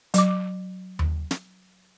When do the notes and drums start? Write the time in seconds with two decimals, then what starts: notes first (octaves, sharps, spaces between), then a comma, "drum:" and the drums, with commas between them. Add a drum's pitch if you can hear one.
0.14 F#3 D6, drum: hi-hat
0.99 drum: tom D#2
1.31 drum: snare